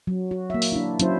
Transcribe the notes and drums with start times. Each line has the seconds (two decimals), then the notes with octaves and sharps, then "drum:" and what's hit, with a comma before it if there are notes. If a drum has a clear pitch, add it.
0.07 F#3
0.31 F#4
0.50 A#3 E5
0.62 drum: open hi-hat
0.72 D4 E4
1.00 F#3 C#4 E4 C5, drum: hi-hat